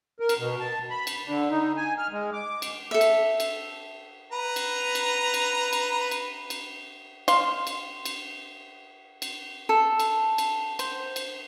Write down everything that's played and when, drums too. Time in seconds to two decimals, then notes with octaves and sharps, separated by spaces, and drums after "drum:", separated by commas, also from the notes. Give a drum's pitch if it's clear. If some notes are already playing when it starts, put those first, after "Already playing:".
0.20 A#4
0.29 drum: cymbal
0.39 B2
0.60 A5
0.90 B5
1.07 drum: cymbal
1.26 D3
1.51 D#4
1.77 G#5
1.98 F6
2.11 G#3
2.33 D6
2.62 drum: cymbal
2.91 A4 E5
3.01 drum: cymbal
3.40 drum: cymbal
4.31 B4 A#5
4.56 drum: cymbal
4.95 drum: cymbal
5.34 drum: cymbal
5.73 drum: cymbal
6.11 drum: cymbal
6.50 drum: cymbal
7.28 F5 C6, drum: cymbal
7.67 drum: cymbal
8.05 drum: cymbal
9.22 drum: cymbal
9.69 A4
10.00 drum: cymbal
10.38 drum: cymbal
10.79 C5, drum: cymbal
11.16 drum: cymbal